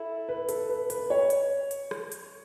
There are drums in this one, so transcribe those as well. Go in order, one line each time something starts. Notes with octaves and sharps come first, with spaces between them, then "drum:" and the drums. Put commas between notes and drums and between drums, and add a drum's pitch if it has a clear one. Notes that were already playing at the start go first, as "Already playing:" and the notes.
Already playing: E4 A4
B4
A4, drum: hi-hat
B4
B4, drum: hi-hat
C#5
drum: hi-hat
drum: hi-hat
drum: rim click
drum: hi-hat